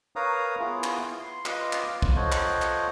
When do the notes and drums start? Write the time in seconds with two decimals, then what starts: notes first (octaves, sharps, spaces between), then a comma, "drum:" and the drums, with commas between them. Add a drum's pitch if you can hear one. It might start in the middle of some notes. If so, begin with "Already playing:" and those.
0.16 A#4 B4 C#5 F5 A#5 D#6
0.59 B3 E4 F4 G#4
0.84 drum: clap
1.20 C6
1.46 F4 B4 D#5 D6, drum: clap
1.73 drum: clap
1.88 F4
2.02 drum: kick
2.16 F4 A4 C5 C#5 D#5 F#5
2.32 drum: clap
2.62 drum: clap